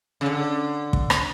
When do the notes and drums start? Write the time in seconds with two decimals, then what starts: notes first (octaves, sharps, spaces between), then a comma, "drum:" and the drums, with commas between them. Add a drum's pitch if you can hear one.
0.21 C#3
0.26 D3
0.93 drum: kick
1.10 drum: rim click